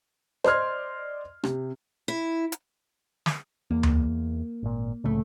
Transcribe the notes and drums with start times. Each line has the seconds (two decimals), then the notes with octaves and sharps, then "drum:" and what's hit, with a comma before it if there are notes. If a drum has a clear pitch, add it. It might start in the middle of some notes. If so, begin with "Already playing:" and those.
0.44 C5 D5 D#5 C6 F6 G#6, drum: rim click
1.44 C3, drum: rim click
2.08 E4
2.52 drum: hi-hat
3.26 drum: snare
3.71 E2 A#3
3.83 drum: tom D2
4.63 G#1 A#2
5.04 C2 F2 A2 C#3 A3